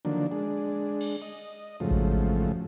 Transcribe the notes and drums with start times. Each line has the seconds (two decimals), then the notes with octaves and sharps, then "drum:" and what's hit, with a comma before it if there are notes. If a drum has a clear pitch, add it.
0.05 D3 D#3 F3 F#3 A#3 D4
0.31 G#3 D4
1.01 drum: cymbal
1.22 D#5
1.80 F2 G#2 C#3 F3 F#3 A3
1.91 drum: kick A1